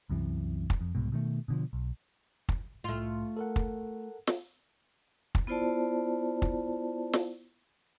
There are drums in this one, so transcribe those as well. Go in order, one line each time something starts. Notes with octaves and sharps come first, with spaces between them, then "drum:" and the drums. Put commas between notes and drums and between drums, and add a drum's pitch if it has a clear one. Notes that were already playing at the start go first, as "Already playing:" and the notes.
C2 F#2 C3 E3
drum: kick
F2
C2 G#2 B2
B2 D#3 A3
B2 D3 F3
B1
drum: kick
C2 A2 A3 F4
A4 A#4 F#5
drum: kick
drum: snare
drum: kick
B3 E4 F4 C5 D5 A5
drum: kick
drum: snare